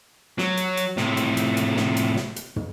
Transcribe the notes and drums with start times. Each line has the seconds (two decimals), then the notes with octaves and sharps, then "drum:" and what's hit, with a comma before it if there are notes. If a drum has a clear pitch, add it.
0.38 F#3, drum: snare
0.57 drum: hi-hat
0.77 drum: hi-hat
0.97 A2 C3, drum: snare
1.17 drum: hi-hat
1.37 drum: hi-hat
1.57 drum: hi-hat
1.77 drum: snare
1.97 drum: hi-hat
2.16 drum: snare
2.36 drum: hi-hat
2.56 drum: tom